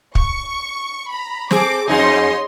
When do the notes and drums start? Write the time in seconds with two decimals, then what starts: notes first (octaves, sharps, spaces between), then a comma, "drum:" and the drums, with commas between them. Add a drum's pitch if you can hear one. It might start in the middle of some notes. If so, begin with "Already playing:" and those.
0.15 C#6, drum: kick
1.09 A#5 B5
1.51 C4 G#4 A4 D6, drum: snare
1.88 F2 D#4 G#4 C#5 D#5 C6